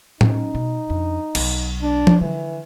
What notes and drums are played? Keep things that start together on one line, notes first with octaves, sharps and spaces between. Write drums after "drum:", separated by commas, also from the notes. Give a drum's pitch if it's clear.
C#4 D#4, drum: tom A2
B2
F2 D4
B1 F#3, drum: cymbal
D4
drum: tom F3
D3 E3